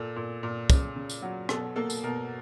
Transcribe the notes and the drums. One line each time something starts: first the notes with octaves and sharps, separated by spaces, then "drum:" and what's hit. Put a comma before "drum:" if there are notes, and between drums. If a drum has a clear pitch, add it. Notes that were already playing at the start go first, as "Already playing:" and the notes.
Already playing: A#2 A4
A#2
A#2
C#3, drum: kick, tambourine
C#3
drum: tambourine
F#3
B2 A4, drum: rim click
A#3 A4
drum: tambourine
B2 A#4